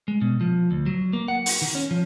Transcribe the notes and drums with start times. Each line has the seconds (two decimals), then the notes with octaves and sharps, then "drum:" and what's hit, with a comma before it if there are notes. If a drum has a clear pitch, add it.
0.08 G#3
0.21 B2
0.41 F3
0.71 D2
0.86 F#3
1.13 A#3
1.28 F#5
1.46 drum: open hi-hat
1.62 D#3
1.75 C#4
1.91 F3